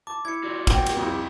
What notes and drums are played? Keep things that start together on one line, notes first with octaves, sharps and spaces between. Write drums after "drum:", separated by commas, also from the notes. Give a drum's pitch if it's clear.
A5 D6
E4 G#6 C#7
F4 F#4 D5
F#5 G5, drum: kick, cymbal
drum: cymbal
F2 G3 E4